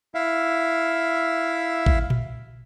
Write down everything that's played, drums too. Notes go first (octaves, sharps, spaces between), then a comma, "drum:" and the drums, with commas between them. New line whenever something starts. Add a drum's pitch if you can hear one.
E4 E5 F5
drum: kick A1
drum: tom A#2